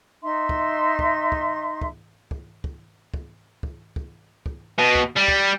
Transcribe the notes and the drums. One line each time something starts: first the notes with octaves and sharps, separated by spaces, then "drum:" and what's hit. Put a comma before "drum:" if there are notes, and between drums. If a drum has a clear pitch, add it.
D#4 E5 C6
drum: kick
drum: kick
drum: kick
drum: kick
drum: kick
drum: kick
drum: kick
drum: kick
drum: kick
drum: kick
B2
drum: kick
G3
drum: kick